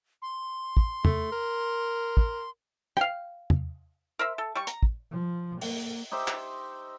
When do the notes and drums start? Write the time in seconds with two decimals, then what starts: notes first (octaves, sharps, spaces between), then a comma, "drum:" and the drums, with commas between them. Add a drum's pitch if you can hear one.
0.22 C6
0.77 drum: kick
1.05 A3, drum: tom E2
1.32 A#4
2.17 drum: kick
2.97 F5 G5, drum: rim click
3.50 drum: tom E2
4.19 A#4 C5 E5
4.38 A4
4.55 G3 C#6
4.67 A#5, drum: hi-hat
4.83 drum: kick
5.11 F3
5.61 A#3, drum: open hi-hat
6.12 D#4 G4 C5 E5
6.28 drum: clap